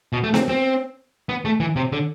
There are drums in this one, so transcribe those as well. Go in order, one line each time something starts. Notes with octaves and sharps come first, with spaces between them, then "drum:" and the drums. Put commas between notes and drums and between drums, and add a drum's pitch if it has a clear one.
B2
A3
C4, drum: snare B3
C4
B3
A3
E3
C3
D3